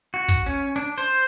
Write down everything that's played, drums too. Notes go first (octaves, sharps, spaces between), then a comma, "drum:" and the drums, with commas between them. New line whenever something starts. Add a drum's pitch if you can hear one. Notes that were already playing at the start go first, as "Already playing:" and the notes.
F#4
drum: kick, hi-hat
C#4
D4, drum: hi-hat
C5, drum: hi-hat